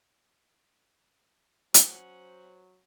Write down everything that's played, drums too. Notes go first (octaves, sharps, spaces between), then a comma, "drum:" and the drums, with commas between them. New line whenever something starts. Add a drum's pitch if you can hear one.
F#3 C#4 C5 F#5, drum: hi-hat